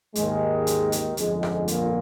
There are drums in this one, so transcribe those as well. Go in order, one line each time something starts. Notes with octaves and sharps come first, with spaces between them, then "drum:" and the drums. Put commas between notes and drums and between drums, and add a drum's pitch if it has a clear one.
D#2 G#2 D#3 G#3, drum: hi-hat
drum: hi-hat
drum: hi-hat
G1 F2 G#2 D3 G#3, drum: hi-hat
drum: rim click
A#2 A#3, drum: hi-hat